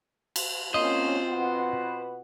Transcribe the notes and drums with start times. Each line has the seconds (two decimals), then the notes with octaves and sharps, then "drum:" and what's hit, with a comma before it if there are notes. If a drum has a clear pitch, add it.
0.36 drum: cymbal
0.74 A#3 C4 C#4 F4 C5 D#5
1.30 B2 B4 F#5